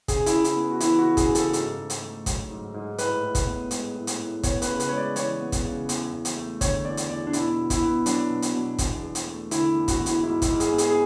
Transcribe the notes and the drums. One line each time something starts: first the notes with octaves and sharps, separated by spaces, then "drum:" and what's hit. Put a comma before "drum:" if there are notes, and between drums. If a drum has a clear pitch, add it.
C#3 G#4, drum: kick, hi-hat
E4, drum: hi-hat
C#3
E4, drum: hi-hat
B3
F#4
E3 E4, drum: hi-hat
F#4
C#3
G#4, drum: kick, hi-hat
C#3
A4, drum: hi-hat
G#2, drum: hi-hat
G#2
drum: hi-hat
A3
F#3, drum: kick, hi-hat
G#2
G#2
A2 B4, drum: hi-hat
A2
drum: kick, hi-hat
B3
G#3, drum: hi-hat
A2
drum: hi-hat
A2
B3 C#5, drum: kick, hi-hat
B4, drum: hi-hat
C#3
B4, drum: hi-hat
G#3 C#5
D5
E3 C#5, drum: hi-hat
B3
drum: kick, hi-hat
C#3
E2, drum: hi-hat
E2
drum: hi-hat
A3
D3 C#5, drum: kick, hi-hat
E2 D5
drum: hi-hat
E2 D5
D4
B2 E4, drum: hi-hat
B2
E4, drum: kick, hi-hat
B3
F#3 D4, drum: hi-hat
B2
drum: hi-hat
B2
E2, drum: kick, hi-hat
E2
drum: hi-hat
A3
D3 E4, drum: hi-hat
E2
F#4, drum: kick, hi-hat
E2
E4, drum: hi-hat
G#2 E4
E4, drum: kick, hi-hat
G#2
G#4, drum: hi-hat
B3
G#4, drum: hi-hat
G#4